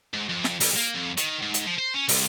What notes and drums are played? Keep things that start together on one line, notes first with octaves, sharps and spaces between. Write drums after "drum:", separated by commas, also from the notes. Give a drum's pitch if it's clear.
G#2
F2
drum: snare
B1, drum: open hi-hat
A#3
F2
D#3, drum: hi-hat
G#2
drum: hi-hat
F3
C5
C#4
C2, drum: open hi-hat